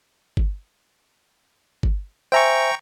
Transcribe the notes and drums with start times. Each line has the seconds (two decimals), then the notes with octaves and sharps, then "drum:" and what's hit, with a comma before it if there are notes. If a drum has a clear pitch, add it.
0.37 drum: kick G1
1.83 drum: kick G1
2.32 C5 E5 G5 G#5 A#5 C#6